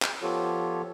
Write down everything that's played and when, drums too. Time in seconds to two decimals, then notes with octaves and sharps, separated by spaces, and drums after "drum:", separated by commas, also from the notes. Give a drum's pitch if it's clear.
0.02 drum: clap
0.23 F3 B3 F4 G4 A4 C#5